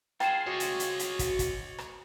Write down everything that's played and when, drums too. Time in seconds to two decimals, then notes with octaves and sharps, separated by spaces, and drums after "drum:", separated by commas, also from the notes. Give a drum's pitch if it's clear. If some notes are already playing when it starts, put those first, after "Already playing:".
0.20 F4 G#4 C5 G5, drum: rim click
0.46 F#4 C#5 D#5
0.60 drum: hi-hat
0.80 drum: hi-hat
0.99 drum: hi-hat
1.19 drum: kick, hi-hat
1.39 drum: kick, hi-hat
1.78 drum: rim click